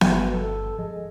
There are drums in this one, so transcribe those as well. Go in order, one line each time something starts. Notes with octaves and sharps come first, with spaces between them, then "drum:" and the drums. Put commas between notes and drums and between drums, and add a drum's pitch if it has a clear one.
G1 B2, drum: snare B3
A4
F3 G#3